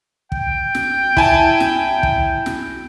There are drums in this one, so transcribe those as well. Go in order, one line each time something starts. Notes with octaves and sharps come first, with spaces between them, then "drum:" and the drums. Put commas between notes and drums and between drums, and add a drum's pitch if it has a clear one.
G5, drum: kick
drum: snare
E4 G#5 A5, drum: kick
drum: snare
drum: kick
drum: snare